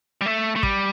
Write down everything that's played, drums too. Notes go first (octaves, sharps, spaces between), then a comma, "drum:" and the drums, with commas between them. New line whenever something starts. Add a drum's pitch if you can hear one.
G3
A3
A3
G3, drum: kick